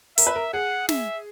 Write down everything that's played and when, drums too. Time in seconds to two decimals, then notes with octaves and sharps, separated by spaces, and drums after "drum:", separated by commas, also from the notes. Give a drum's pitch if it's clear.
0.18 A#4 E5, drum: hi-hat
0.27 B4
0.36 A#4
0.53 G#4 F#5
0.89 E5, drum: snare